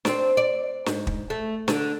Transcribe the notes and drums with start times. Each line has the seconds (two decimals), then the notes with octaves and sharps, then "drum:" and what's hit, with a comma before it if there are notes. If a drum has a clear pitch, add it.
0.05 C4 D4, drum: snare
0.37 D5
0.86 G#2, drum: snare
1.07 drum: kick
1.30 A3
1.68 D3, drum: snare